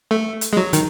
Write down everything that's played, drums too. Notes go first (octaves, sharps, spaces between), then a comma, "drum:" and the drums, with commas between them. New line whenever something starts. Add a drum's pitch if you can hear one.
A3
drum: hi-hat
G#3
F#3
D#3, drum: hi-hat